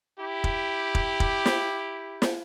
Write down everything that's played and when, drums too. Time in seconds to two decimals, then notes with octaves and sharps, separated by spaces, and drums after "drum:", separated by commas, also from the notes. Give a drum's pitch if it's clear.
0.18 E4 G4
0.44 drum: kick
0.95 drum: kick
1.20 drum: kick
1.45 drum: snare
2.22 drum: snare